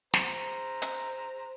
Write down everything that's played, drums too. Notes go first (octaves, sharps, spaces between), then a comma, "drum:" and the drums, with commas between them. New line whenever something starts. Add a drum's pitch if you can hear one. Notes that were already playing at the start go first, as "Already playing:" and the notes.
C5 A#5, drum: snare
drum: hi-hat